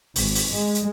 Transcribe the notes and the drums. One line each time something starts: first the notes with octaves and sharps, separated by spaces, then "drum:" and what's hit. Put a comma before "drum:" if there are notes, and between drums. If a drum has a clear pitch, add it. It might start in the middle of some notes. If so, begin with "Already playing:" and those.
G#1, drum: open hi-hat
drum: open hi-hat
G#3
drum: hi-hat